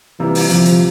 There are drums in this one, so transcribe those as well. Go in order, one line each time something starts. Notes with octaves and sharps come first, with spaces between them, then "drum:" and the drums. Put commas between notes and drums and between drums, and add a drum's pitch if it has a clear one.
C3 E3 G3 A#3 F4
drum: open hi-hat
D2 C3 F3 G3, drum: hi-hat
drum: hi-hat